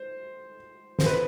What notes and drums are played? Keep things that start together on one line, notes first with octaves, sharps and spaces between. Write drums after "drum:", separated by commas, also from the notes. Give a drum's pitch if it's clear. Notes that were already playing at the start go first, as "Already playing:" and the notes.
Already playing: C5
C5, drum: snare
B4